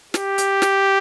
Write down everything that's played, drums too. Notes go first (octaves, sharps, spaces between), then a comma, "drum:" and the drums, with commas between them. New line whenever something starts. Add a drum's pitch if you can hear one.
G4, drum: snare
drum: hi-hat
drum: snare